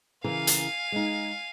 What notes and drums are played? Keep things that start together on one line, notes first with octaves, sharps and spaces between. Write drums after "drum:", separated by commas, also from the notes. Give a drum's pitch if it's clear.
C#3 E3 A#4 F5 G#5
drum: hi-hat
G#3 D#4